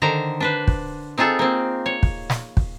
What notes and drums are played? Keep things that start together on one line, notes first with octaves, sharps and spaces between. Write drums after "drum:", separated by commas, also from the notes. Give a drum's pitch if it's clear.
D3 D#3 C5 A#5
D4 B4 C5
drum: kick
C4 D#4 F4 G#4 A4
A#3 C4
C#5
drum: kick
drum: snare
drum: kick